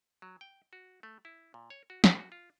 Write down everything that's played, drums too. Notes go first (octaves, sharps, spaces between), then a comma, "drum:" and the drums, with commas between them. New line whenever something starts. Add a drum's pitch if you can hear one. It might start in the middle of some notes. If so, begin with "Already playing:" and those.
F#3
G5
F#4
A3
E4
A#2
C#5
F#4
B2, drum: snare
F#4
F4